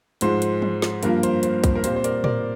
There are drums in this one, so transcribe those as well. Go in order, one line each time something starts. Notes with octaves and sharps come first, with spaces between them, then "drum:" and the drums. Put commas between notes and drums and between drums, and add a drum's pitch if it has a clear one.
G#2 F3 G#3 C5, drum: hi-hat
drum: hi-hat
drum: tom E3
drum: snare
G2 F3 A#3 A#4, drum: hi-hat
C5, drum: hi-hat
C5, drum: hi-hat
drum: kick, hi-hat
A#4
A#2 G3 C4 C5, drum: hi-hat
C5
A#4 D5, drum: hi-hat
A#4 D5, drum: tom